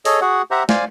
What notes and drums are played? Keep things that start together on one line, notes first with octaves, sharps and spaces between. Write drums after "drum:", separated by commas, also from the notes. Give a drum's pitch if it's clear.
G#4 A4 C#5 D#5, drum: open hi-hat
F#4 G#4 F#5
G4 C5 E5 F#5 A#5
C5 D5 F5 G#5, drum: snare